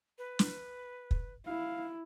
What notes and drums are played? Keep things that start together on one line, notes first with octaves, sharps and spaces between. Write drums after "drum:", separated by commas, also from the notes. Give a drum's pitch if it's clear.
B4
drum: snare
drum: kick
E4 F5